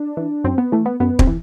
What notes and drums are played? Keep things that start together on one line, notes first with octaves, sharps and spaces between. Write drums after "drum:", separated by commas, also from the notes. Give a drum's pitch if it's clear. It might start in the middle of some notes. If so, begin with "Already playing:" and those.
Already playing: D4
E3
F#2 C4
B3
E3 A3
B3
F#2 B3
C4, drum: kick
E3